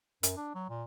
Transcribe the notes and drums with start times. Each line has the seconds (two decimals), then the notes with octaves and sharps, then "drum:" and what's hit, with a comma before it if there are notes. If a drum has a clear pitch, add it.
0.23 F#2, drum: hi-hat
0.37 D4
0.55 F#3
0.69 A#2